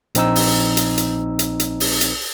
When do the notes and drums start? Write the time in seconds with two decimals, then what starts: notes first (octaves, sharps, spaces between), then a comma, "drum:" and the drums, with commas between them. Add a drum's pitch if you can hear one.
0.15 A#1 C4 D#4 E6, drum: hi-hat
0.35 drum: open hi-hat
0.77 drum: hi-hat
0.98 drum: hi-hat
1.39 drum: hi-hat
1.60 drum: hi-hat
1.80 drum: open hi-hat
2.01 drum: hi-hat